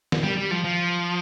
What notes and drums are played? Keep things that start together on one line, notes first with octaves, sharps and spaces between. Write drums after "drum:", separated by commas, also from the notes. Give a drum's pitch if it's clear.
drum: snare
G3
G3
F3
F3